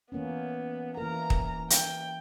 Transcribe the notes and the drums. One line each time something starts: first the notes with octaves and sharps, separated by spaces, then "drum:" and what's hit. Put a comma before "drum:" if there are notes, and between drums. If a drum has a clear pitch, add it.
E3 A#3 B3 C#4
E3 A#3 A#4 A#5
drum: kick
G5, drum: hi-hat